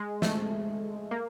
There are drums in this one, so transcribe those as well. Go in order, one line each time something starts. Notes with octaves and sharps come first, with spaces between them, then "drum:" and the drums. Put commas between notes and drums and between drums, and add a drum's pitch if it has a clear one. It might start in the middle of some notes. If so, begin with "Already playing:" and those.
Already playing: G#3
A3, drum: snare
A#3